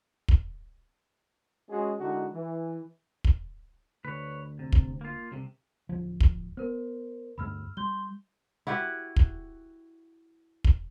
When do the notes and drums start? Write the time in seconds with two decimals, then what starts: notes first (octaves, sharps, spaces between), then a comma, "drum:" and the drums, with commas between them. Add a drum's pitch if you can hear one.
0.28 drum: kick
1.69 G#3 C#4 F#4 G#4
1.99 D3 G#3 D#4 E4 F#4
2.32 E3
3.24 drum: kick
4.05 D2 B4 C#5
4.59 C3
4.72 drum: kick
5.01 A#3 F4
5.32 C2 C3
5.89 D1 F3
6.20 drum: kick
6.57 B3 A#4 C5
7.38 D2 G2 A3 B5 E6 F6
7.77 G3 C6 G6 G7
8.67 E4 F#4 G4 B4
9.16 drum: kick
10.64 drum: kick